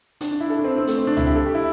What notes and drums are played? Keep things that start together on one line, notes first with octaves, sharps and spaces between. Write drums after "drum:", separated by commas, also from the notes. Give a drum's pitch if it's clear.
D4, drum: hi-hat
D4
E4
A4
D4
C4
C4
A3, drum: hi-hat
C4
D4
E4, drum: tom C#2
G4
A4
G4
E4